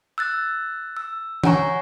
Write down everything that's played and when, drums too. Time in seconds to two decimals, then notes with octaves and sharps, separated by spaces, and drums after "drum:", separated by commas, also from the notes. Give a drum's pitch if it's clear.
0.18 E6 F#6 A6
0.97 E6
1.44 C#5 F#5 G#5 A#5 C#6, drum: tom E3